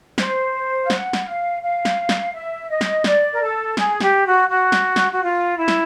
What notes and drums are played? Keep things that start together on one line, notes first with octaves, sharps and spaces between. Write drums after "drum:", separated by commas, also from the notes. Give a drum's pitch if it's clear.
C5, drum: snare
F5
F#5, drum: snare
drum: snare
F5
F5
drum: snare
drum: snare
E5
D#5
drum: snare
D5, drum: snare
A#4
A4
G#4, drum: snare
G4, drum: snare
F#4
F#4
drum: snare
drum: snare
F#4
F4
E4
drum: snare